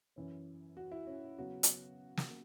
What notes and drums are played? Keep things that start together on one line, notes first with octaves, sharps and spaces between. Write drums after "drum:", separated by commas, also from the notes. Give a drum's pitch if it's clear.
F#2 E3 C#4
F#4
E4
C#4
C#3 F#3 B3 F#4
drum: hi-hat
drum: snare